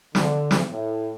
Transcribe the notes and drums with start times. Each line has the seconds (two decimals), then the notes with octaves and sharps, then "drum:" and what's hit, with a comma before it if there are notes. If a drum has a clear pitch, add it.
0.15 D3, drum: snare
0.51 drum: snare
0.69 A2